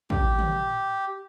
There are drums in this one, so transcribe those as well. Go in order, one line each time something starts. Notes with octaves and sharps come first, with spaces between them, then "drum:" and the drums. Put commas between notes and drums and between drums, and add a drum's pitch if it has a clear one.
G4, drum: kick
drum: tom